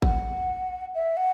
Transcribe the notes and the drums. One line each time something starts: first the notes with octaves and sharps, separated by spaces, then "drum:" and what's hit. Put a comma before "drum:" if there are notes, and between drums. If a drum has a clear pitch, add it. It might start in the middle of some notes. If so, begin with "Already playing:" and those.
F#5, drum: kick G#1
E5
F#5